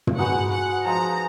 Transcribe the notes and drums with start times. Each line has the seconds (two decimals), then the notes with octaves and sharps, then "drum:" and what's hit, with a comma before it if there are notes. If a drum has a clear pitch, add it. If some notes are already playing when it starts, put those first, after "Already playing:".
0.07 drum: tom
0.18 G#3 D#4 F#4 B4 F#5
0.51 F#5
0.85 F3 G#3 D#4 A#5